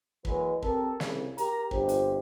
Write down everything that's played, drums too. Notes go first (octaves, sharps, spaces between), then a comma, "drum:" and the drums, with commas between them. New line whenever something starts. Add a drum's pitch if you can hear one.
E3 F#3 G#3 A#3 B4, drum: kick
C4 G4 A4 A#4, drum: kick
C2 C#3, drum: snare
G4 A#4 A#5, drum: hi-hat
G1 F2 B2 F3 G4 C5, drum: kick
drum: hi-hat